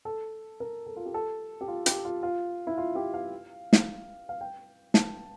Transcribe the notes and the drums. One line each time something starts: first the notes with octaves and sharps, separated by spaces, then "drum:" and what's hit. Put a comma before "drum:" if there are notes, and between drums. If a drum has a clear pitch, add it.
A4
A#4
A4
F4
G4
A4
G4
F4
G4, drum: hi-hat
F4
F4
E4
F4
G4
F5
drum: snare
F5
G5
A5, drum: snare